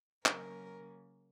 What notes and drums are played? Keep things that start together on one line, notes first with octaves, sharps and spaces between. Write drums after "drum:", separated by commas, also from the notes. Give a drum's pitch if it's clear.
C#3 F#3 A#3 C#4 A#4, drum: clap